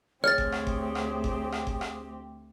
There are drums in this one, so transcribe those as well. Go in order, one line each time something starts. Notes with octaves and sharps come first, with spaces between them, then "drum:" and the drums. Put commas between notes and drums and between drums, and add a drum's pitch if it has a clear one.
D2 C4 G4 G#4 C#5 F6 A6
drum: kick G1
drum: rim click
drum: kick G1
drum: rim click
drum: kick G1
drum: rim click
drum: kick G1
drum: rim click